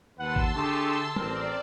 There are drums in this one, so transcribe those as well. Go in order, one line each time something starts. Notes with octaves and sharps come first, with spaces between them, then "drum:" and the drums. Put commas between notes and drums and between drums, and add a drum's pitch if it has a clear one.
D#2 B4 F#5 A5 C6 E6
drum: kick G#1
D3 A3 G4 G#4
A1 C4 A#4 D5, drum: tom